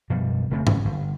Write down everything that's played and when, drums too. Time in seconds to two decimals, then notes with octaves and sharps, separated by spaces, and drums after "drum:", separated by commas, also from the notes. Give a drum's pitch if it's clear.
0.10 F#2 B2 F3 G3
0.51 E1 C#3 A3 C4
0.67 F#1 C#4, drum: tom G#2
0.85 G1